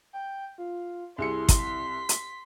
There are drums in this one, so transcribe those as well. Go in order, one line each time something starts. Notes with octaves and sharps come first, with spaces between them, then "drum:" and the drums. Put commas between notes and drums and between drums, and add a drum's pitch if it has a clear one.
G5
F4
C2 E4 G#4 C6 C#7
drum: kick, hi-hat
B6
drum: hi-hat